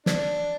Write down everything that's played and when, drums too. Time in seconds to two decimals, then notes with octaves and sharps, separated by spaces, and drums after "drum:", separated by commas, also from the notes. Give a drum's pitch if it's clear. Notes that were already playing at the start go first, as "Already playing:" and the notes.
0.06 D4, drum: snare